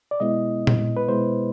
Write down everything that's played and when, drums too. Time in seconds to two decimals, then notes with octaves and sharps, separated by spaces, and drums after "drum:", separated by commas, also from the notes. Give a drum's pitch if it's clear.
0.11 D5
0.20 B2 G#3 B3 E4 D#5
0.67 drum: tom A#2
0.97 B4
1.08 B2 G#3 B3 E4 C5